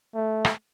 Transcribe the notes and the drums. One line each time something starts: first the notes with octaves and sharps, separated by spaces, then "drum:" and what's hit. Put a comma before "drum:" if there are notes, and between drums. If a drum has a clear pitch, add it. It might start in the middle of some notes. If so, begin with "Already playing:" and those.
A3
drum: rim click